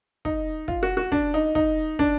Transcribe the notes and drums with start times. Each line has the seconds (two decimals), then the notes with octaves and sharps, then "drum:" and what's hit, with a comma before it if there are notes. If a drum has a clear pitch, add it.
0.25 D#4, drum: kick
0.68 F4, drum: kick
0.83 F#4
0.97 F#4
1.12 D4, drum: kick
1.34 D#4
1.55 D#4, drum: kick
1.99 D4, drum: kick